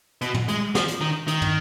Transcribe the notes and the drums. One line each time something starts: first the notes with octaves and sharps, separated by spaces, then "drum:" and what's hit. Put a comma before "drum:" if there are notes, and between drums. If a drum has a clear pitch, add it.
B2, drum: hi-hat
drum: tom
G#3, drum: hi-hat
F3, drum: snare
drum: hi-hat
D#3
D#3, drum: hi-hat
drum: tom